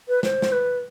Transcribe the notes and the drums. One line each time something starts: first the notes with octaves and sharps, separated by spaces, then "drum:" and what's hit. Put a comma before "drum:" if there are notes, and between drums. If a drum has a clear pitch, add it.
B4
C5, drum: snare
drum: snare
B4